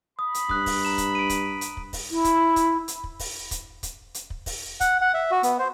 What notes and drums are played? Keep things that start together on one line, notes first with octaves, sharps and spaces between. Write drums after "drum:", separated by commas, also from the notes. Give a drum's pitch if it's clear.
B5 D#6
drum: hi-hat
G2 D#6 F#6, drum: kick
drum: kick, open hi-hat
A#5 E7
drum: kick, hi-hat
D7 D#7
drum: kick, hi-hat
drum: hi-hat
drum: kick
drum: kick, open hi-hat
E4
drum: kick, hi-hat
drum: kick, hi-hat
drum: hi-hat
drum: kick
drum: kick, open hi-hat
drum: kick, hi-hat
drum: kick, hi-hat
drum: hi-hat
drum: kick
drum: kick, open hi-hat
F#5, drum: kick, hi-hat
F#5
E5
F#4
B3, drum: hi-hat
C5